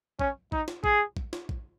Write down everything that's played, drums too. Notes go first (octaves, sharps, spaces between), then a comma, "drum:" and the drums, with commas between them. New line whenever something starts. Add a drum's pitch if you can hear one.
C#4, drum: kick A#1
D#4, drum: kick A#1
drum: snare
G#4, drum: kick A#1
drum: kick A#1
drum: snare
drum: kick A#1